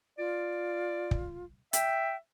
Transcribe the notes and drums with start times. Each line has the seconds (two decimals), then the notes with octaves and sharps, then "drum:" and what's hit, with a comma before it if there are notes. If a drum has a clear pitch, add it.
0.18 F4 D5
1.11 drum: kick
1.73 E5 G5, drum: hi-hat